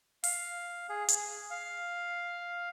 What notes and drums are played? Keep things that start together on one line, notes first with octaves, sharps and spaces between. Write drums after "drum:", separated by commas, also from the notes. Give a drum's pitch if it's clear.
F5, drum: open hi-hat
G#4
G#4, drum: hi-hat
F5